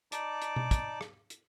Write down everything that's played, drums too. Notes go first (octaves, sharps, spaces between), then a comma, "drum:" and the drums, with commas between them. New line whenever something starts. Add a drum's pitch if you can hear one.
D#4 D5 A5 D6, drum: hi-hat
drum: hi-hat
drum: tom B2
drum: kick, hi-hat
drum: rim click
drum: hi-hat